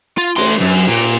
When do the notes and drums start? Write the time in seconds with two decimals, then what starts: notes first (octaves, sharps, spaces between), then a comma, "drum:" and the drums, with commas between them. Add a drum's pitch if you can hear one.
0.18 F4
0.37 A3 C6, drum: cymbal
0.61 F#2
0.88 A#2